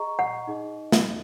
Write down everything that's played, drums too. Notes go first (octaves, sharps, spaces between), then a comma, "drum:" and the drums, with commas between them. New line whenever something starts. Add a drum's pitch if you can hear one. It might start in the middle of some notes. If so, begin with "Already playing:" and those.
Already playing: G#4 D#5 A#5 C#6
F#5
D#4 G#4 D#5
drum: snare